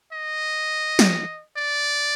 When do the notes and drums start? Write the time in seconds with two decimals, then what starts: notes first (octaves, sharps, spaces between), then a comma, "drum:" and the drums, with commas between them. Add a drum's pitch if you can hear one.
0.13 D#5
0.99 drum: snare
1.57 D5